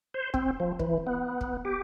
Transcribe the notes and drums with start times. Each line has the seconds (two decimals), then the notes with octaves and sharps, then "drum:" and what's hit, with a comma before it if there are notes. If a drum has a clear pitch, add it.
0.14 C5
0.34 C4, drum: kick
0.60 F3
0.80 E3, drum: kick
1.07 B3
1.41 drum: kick
1.65 G4